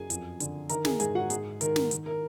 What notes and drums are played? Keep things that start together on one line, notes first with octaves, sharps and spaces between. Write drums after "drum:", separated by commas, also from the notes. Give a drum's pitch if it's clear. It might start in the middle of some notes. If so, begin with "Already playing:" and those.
Already playing: F#2 G#4 G#5
F2, drum: hi-hat
D3, drum: hi-hat
D#3 A#4 A#5, drum: hi-hat
G#4 G#5, drum: snare
G#2 G#4 G#5, drum: hi-hat
F#4 F#5
G#2 G#4, drum: hi-hat
D#3 A#4, drum: hi-hat
drum: snare
D#3, drum: hi-hat
A#4